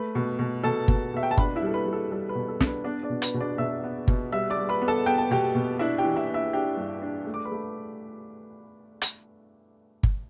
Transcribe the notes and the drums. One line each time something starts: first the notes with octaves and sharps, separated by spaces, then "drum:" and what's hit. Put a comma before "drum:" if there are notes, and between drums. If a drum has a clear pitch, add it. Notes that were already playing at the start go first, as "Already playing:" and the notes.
Already playing: A3 B4
B2
B2
B2 A4 A5
B2, drum: kick G1
B2 E5
G5
A5
D4 B4 B5, drum: kick G1
E4 E5
G3 A4
B4
G3
A4
G3 A4
B4
B2
A4
D4, drum: snare
B4
B3 D4 D5
D4 D5
B2
B4, drum: hi-hat
B2
D4 D5
B2 E5 E6
B3
B2, drum: kick G1
G3 E5 E6
D5 D6
G3
B4 B5
B3
A4 A5
B3 G5
A5
B2 G4 G5
B2
D4 E4 E5
G4 G5
E3
E4 E5
D4
E4 E5
D4 G4 G5
G2
D4
A3
D6
B4 B5
A3
drum: hi-hat
drum: kick G1